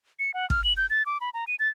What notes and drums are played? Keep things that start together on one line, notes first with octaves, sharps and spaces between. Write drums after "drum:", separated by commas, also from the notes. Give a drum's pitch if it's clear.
C#7
F#5
F6, drum: kick
F#7
G6
A6
D6
B5
A#5
D#7
A6